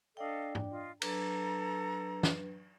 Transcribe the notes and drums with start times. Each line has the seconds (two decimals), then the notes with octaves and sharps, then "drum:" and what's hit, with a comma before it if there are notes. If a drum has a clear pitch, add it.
0.17 D4 A4 D5 D#5 F5 G5
0.55 drum: tom
0.71 F4 D#5
1.02 F#3 D4 A4 B4 A#5, drum: cymbal
2.23 drum: snare